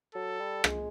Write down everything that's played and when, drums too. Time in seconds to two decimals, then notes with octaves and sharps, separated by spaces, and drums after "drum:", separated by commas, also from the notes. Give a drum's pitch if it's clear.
0.15 F#3 A4
0.40 G3
0.64 G#3, drum: rim click